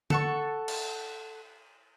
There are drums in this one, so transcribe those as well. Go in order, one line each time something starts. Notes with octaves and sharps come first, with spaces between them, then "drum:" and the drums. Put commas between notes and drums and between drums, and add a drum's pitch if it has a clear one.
A4 F#5 C#6, drum: tom D3
drum: cymbal